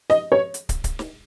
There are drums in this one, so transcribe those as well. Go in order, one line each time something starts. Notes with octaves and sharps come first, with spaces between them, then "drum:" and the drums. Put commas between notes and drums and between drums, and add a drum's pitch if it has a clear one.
D#5, drum: snare
C#5
drum: hi-hat
drum: kick, hi-hat
drum: kick, hi-hat
drum: snare